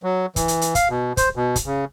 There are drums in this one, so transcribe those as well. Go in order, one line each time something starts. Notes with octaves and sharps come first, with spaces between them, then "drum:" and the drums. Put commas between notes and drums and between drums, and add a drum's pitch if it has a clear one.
F#3
E3, drum: kick, hi-hat
drum: hi-hat
drum: hi-hat
F5, drum: kick, hi-hat
B2
C5, drum: kick, hi-hat
B2
drum: kick, hi-hat
C#3